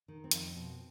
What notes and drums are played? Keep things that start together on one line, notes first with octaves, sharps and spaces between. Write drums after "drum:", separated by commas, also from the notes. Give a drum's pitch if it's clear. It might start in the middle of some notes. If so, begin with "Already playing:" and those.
D#3
C4
F2, drum: hi-hat
B2